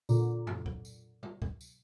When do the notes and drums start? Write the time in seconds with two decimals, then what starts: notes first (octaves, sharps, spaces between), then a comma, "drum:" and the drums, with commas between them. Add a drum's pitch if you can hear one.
0.09 A#2 D3, drum: tambourine
0.47 drum: tom F2
0.66 drum: kick
0.85 drum: tambourine
1.23 drum: tom D3
1.42 drum: kick
1.61 drum: tambourine